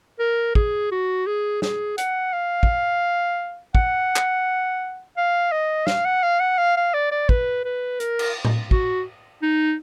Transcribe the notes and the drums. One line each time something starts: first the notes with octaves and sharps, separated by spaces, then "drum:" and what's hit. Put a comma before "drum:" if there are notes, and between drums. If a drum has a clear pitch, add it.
A#4
G#4, drum: kick
F#4
G#4
G#4, drum: snare
F#5, drum: hi-hat
F5
drum: kick
F#5, drum: kick
drum: clap
F5
D#5
F5, drum: snare
F#5
F5
F#5
F5
F5
D5
D5
B4, drum: kick
B4
A#4, drum: hi-hat
drum: cymbal
drum: tom A2
F#4, drum: kick
D#4